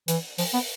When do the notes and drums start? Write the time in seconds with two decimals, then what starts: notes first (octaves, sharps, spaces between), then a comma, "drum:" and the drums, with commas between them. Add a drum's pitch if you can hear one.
0.08 E3, drum: hi-hat
0.38 F3, drum: open hi-hat
0.53 B3